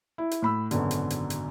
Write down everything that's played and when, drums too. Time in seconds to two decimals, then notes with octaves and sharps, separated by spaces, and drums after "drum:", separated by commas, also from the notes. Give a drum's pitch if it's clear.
0.18 E4
0.31 drum: hi-hat
0.42 A2 B5 E6
0.71 G#1 F#2 B2 D3, drum: hi-hat
0.91 drum: hi-hat
1.10 drum: hi-hat
1.30 drum: hi-hat